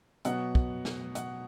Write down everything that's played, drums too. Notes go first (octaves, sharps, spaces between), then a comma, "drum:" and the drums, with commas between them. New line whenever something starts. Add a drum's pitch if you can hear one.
B2 F#3 B3 F#5, drum: hi-hat
drum: kick
drum: snare
F#5, drum: hi-hat